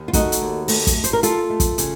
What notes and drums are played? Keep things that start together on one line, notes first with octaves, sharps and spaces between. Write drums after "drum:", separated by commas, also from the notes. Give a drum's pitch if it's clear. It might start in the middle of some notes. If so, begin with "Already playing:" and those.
Already playing: D#2
F4
A3 D#4 F#4, drum: kick, hi-hat
drum: hi-hat
D#2
A3, drum: open hi-hat
drum: kick, hi-hat
A3
C5, drum: hi-hat
A#4
A3 F4 A4, drum: hi-hat
A3
drum: kick, hi-hat
C#3, drum: hi-hat